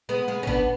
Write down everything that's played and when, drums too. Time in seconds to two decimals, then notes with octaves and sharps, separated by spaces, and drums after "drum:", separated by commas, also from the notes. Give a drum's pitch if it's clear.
0.09 G#3 B3
0.28 G#3 B3
0.43 C#4
0.47 B3 D4, drum: kick G1